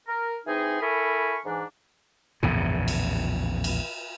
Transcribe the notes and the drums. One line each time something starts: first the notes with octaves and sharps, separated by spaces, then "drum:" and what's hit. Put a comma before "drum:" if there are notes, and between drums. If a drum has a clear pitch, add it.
A#4
E3 C4 D#4 G#4
E4 A4 A#4 G#5 B5 C#6
G#2 E3 D4
A#1 E2 A2 C#3, drum: tom
drum: cymbal
drum: cymbal